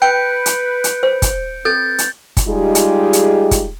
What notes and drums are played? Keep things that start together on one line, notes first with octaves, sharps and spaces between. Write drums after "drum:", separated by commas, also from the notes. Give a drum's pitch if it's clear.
B4 G5 G6 C#7 D7
drum: hi-hat
drum: hi-hat
C5
drum: kick, hi-hat
C4 A4 B4 G6 A6
drum: hi-hat
drum: kick, hi-hat
G3 G#3 D#4 F4 G4 G#4
drum: hi-hat
drum: hi-hat
drum: kick, hi-hat